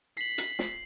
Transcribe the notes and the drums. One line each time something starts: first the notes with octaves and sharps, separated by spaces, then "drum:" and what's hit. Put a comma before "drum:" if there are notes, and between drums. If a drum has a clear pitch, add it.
B6 C7 F#7
drum: hi-hat
drum: snare